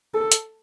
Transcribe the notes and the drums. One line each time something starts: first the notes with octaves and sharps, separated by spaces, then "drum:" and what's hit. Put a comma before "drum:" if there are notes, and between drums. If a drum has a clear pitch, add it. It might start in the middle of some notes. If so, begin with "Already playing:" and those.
A4
drum: hi-hat